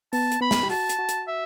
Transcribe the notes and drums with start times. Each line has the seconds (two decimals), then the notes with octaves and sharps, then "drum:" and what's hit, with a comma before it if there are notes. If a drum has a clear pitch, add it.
0.13 B3 A5, drum: open hi-hat
0.32 drum: hi-hat
0.41 B3 B5
0.51 drum: snare
0.63 G4
0.70 F#4 A5, drum: open hi-hat
0.89 drum: hi-hat
0.99 F#4
1.09 drum: hi-hat
1.28 E5